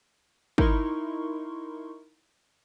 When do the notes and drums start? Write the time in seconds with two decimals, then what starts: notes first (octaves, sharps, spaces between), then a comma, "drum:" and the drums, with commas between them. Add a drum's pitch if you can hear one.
0.58 D#4 E4 A#4 C6 C#6, drum: kick